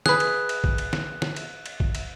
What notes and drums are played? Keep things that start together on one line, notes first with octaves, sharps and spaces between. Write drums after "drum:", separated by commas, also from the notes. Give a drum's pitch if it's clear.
G#4 B4 F#6, drum: snare
drum: cymbal
drum: cymbal
drum: kick
drum: cymbal
drum: snare
drum: snare
drum: cymbal
drum: cymbal
drum: kick
drum: cymbal